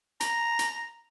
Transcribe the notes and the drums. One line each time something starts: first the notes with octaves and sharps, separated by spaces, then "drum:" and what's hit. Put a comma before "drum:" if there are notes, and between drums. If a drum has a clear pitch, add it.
A#5, drum: hi-hat
drum: hi-hat